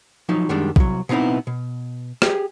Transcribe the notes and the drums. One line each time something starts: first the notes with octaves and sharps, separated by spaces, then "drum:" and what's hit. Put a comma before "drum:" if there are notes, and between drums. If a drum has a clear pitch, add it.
F3 F#3 D#4
F#2 D#3 G3 G#3 D4
C2 F#3, drum: kick
B2 B3 C4 D#4 E4
B2
G4 G#4, drum: rim click